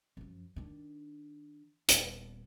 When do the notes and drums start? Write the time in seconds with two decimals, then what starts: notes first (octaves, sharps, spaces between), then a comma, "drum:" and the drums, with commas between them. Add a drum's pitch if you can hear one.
0.17 F#2 F3
0.56 D#3 D4
1.88 D#1 B3, drum: hi-hat